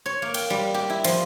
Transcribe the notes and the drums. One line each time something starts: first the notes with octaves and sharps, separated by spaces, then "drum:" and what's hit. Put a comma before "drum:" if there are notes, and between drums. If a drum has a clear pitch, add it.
C#5
A#3
G5, drum: cymbal
G3
G4
E4
F3, drum: cymbal